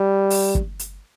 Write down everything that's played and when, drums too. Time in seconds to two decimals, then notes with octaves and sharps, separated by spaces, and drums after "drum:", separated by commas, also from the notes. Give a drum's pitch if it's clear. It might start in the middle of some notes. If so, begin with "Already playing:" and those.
Already playing: G3
0.30 drum: open hi-hat
0.55 drum: kick
0.79 drum: hi-hat